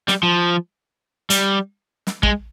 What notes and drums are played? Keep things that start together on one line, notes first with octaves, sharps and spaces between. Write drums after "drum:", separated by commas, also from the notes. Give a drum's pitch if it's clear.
G3, drum: snare
F3
G3, drum: hi-hat
drum: snare
G#3, drum: kick